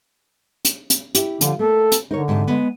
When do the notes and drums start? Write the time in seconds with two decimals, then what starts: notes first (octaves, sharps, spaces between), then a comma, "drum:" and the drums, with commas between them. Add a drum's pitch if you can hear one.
0.65 drum: hi-hat
0.90 drum: hi-hat
1.15 E4 G4, drum: hi-hat
1.41 D3 F3 F4, drum: hi-hat
1.59 A3 A#3 A4
1.92 drum: hi-hat
2.11 D3 D#4 A#4 C#5
2.28 G#2 C3 A5
2.47 G#3 B3